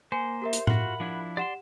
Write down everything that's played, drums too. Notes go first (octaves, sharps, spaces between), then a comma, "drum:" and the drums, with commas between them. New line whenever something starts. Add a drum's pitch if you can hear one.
A#3 C5 G#5
G4 A#4 E5
drum: hi-hat
F4 F#4 F#5 B5, drum: tom A2
F3 D4 E4
G4 D5 F#5 C6 E7